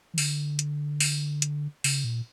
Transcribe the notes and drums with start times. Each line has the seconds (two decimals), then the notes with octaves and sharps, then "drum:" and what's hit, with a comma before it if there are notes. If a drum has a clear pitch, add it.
0.14 E3
0.18 D3, drum: open hi-hat
0.59 drum: hi-hat
1.00 drum: open hi-hat
1.42 drum: hi-hat
1.84 C#3, drum: open hi-hat
2.04 A#2